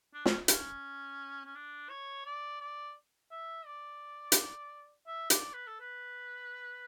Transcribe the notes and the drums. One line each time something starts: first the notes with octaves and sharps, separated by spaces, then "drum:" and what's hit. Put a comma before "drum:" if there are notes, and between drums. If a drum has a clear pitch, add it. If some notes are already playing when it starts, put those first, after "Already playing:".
D4
C#4, drum: snare
C#4, drum: hi-hat
C#4
D4
C#5
D5
D5
E5
D5
drum: hi-hat
E5
D5, drum: hi-hat
B4
A4
B4